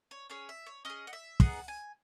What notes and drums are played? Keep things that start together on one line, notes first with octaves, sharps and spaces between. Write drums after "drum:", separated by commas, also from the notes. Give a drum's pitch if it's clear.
C#5
C#4 G#4 C#5
E5
C#5
C#4 G#4 D#5
F#5
E5
B3 D#4 G#4 F#5, drum: kick
G#5